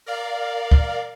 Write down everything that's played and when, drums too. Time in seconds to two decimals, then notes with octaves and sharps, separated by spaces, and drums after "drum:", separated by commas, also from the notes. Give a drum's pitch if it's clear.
0.06 A#4 D5 F5
0.71 drum: kick